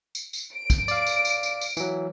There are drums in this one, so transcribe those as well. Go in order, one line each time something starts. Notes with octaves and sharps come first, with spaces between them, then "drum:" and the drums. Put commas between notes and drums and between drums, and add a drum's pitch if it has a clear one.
drum: tambourine
drum: tambourine
D7
drum: kick, tambourine
D5 F5, drum: tambourine
drum: tambourine
drum: tambourine
drum: tambourine
drum: tambourine
E3 F#3, drum: tambourine